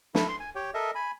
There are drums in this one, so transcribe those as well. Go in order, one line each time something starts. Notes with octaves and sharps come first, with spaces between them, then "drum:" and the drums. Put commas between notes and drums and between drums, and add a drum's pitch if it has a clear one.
E4 A4 E5, drum: snare
C6
G#5
G4 C#5 G5
A4 A#4 D#5 E5
G#5 B5